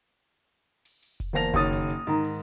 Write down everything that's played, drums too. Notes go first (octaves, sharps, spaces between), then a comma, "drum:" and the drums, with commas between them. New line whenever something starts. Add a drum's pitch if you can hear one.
drum: open hi-hat
drum: open hi-hat
drum: kick F1, hi-hat
E2 A#3 C5 A5 A#6 F7
F#1 D#3 C#5 D#6 A6, drum: kick F1, hi-hat
drum: hi-hat
drum: hi-hat
G#2 D#3 A#5
drum: open hi-hat